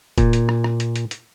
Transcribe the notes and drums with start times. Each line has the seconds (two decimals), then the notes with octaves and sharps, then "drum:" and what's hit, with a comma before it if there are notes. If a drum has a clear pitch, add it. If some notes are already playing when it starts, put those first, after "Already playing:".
0.18 A#2, drum: kick, hi-hat
0.33 drum: hi-hat
0.49 drum: rim click
0.64 drum: rim click
0.80 drum: hi-hat
0.96 drum: hi-hat
1.11 drum: hi-hat